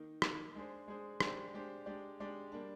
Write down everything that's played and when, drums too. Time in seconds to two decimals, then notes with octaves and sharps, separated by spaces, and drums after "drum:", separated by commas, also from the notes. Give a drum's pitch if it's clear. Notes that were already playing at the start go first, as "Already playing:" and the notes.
Already playing: D#3 A#3 D#4
0.22 D#3 A#3 D#4, drum: rim click
0.55 G#3 D4 G#4 C5
0.88 G#3 D4 G#4 C5
1.20 G#3 D4 G4 C5, drum: rim click
1.54 G#3 D4 G4 C5
1.86 G#3 D4 G4 D5
2.20 G#3 D4 G4 D5
2.52 G3 A#3 D4